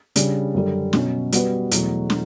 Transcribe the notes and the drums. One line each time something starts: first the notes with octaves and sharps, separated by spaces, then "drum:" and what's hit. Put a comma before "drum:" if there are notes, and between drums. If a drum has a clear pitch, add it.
C#3 G3 D4, drum: hi-hat
F#2 D3 G3
B2 F#3 C#4, drum: snare
G3 B3 F#4 B4, drum: hi-hat
E2 B2 F#3 A3, drum: hi-hat
drum: snare